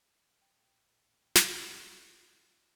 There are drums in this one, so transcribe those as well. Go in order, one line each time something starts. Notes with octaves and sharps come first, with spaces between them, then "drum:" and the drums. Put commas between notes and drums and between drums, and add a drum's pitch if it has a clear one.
A#1 D#2 A2 G5
drum: snare